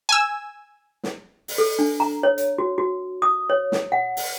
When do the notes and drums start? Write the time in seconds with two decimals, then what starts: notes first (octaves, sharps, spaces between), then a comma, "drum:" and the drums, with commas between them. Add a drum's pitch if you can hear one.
0.09 G#5 E6
1.03 drum: snare
1.48 drum: open hi-hat
1.58 A4
1.79 D4
2.00 A#5
2.23 C#5
2.38 drum: hi-hat
2.58 F#4
2.78 F#4
3.22 D#6
3.50 C#5
3.72 drum: snare
3.92 F#5
4.17 drum: open hi-hat